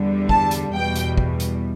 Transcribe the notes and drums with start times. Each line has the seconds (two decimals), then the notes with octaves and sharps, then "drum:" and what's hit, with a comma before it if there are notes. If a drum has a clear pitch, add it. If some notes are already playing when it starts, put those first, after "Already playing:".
Already playing: E2 D3 G3
0.29 A5, drum: kick
0.51 drum: hi-hat
0.73 E2 B2 G3 G5
0.95 drum: hi-hat
1.17 drum: kick
1.40 drum: hi-hat